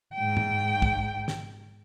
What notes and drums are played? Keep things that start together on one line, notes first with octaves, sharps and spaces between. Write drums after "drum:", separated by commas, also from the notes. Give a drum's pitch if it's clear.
G#2 G5
drum: tom
drum: kick
drum: snare